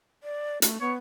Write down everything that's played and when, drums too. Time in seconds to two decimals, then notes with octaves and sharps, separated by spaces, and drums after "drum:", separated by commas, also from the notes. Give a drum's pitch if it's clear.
0.23 D5
0.62 A3, drum: hi-hat
0.81 B3 C#5